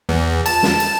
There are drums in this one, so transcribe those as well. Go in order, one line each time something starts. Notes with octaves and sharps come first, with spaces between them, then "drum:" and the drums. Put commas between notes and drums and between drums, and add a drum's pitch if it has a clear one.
E2
A5, drum: cymbal
drum: snare
drum: cymbal